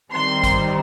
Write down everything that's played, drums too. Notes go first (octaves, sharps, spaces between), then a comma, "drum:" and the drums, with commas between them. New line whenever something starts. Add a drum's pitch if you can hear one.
D#3 G3 C4 D#4 C6
drum: kick, hi-hat